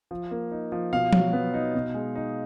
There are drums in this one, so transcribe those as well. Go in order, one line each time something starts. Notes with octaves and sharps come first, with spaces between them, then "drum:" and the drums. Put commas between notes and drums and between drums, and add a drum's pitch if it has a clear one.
F3
A#3
D#4
F3
B2 F5
F#3, drum: tom F3
B3
D#4
B2
G#3
D#4